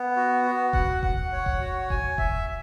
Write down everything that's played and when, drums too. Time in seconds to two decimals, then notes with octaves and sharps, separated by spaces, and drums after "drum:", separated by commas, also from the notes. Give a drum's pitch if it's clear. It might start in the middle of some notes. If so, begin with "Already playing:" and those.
Already playing: B3
0.16 F#4
0.45 F#4
0.73 F#5, drum: kick E1
1.03 F#5, drum: kick E1
1.32 C#5
1.46 drum: kick E1
1.61 F#4
1.90 G#5, drum: kick E1
2.18 E5, drum: kick E1